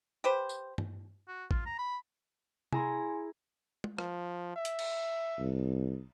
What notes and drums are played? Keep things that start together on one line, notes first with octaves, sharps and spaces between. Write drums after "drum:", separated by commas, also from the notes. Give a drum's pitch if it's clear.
G4 B4 C5
drum: tambourine
drum: tom G2
F#4
F4, drum: kick
A#5
B5
E4 G#4 G#5 A#5 C6, drum: tom C3
drum: tom
F3, drum: rim click
E5
drum: hi-hat
drum: cymbal
C2